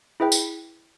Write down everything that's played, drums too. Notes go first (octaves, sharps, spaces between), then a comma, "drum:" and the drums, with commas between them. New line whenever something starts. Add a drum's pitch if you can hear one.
E4 G#4 B4 E5 G5
drum: tambourine